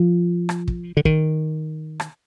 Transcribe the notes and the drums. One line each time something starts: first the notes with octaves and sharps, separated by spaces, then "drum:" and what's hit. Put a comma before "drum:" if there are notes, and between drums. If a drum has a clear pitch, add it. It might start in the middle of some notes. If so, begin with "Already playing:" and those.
Already playing: F3
drum: rim click
drum: kick
D3
D#3, drum: kick
drum: rim click